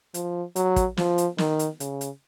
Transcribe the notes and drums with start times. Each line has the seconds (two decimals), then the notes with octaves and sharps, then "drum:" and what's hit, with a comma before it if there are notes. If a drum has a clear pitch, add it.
0.14 F3, drum: hi-hat
0.56 F#3, drum: hi-hat
0.76 drum: kick, hi-hat
0.97 F3, drum: snare
1.18 drum: hi-hat
1.38 D#3, drum: snare
1.59 drum: hi-hat
1.80 C#3, drum: hi-hat
2.01 drum: hi-hat